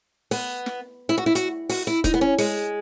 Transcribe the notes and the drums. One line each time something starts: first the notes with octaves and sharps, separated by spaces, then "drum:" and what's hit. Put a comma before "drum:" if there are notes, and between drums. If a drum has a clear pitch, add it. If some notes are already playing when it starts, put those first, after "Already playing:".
B3, drum: open hi-hat
drum: snare
E4
F#4
E4
F#4, drum: hi-hat
F#4, drum: open hi-hat
E4
D#4, drum: kick, hi-hat
B3
C#4
G#3, drum: open hi-hat